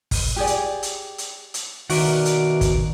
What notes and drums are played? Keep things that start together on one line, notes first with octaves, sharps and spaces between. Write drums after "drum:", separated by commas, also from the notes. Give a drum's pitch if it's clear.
drum: kick, open hi-hat
G4 G#4 D5
drum: hi-hat
drum: hi-hat
drum: hi-hat
drum: hi-hat
B2 D#3 F#4 A#4 B4 D5 E5 F#5, drum: open hi-hat
drum: hi-hat
drum: kick, hi-hat